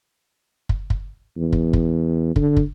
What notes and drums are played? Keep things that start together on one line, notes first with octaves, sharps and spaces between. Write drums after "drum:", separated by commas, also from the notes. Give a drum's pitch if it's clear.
drum: kick
drum: kick
E2
drum: kick
drum: kick
D3, drum: kick
drum: kick